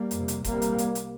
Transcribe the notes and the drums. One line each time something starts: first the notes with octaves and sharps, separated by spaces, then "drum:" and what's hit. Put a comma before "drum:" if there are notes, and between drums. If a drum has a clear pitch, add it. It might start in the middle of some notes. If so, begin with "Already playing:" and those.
Already playing: G3 A#3
F2, drum: hi-hat
C3
drum: hi-hat
C2 C3 G3 A#3, drum: kick D#1, hi-hat
drum: hi-hat
drum: hi-hat
drum: hi-hat